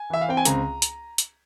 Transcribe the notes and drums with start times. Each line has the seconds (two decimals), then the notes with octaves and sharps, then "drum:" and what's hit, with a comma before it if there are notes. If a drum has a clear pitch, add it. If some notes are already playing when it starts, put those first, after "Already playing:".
Already playing: G#5
0.10 E3 E5
0.21 F5
0.28 C4 G5
0.37 G#5
0.45 C#2 A#5, drum: hi-hat
0.82 drum: hi-hat
1.18 drum: hi-hat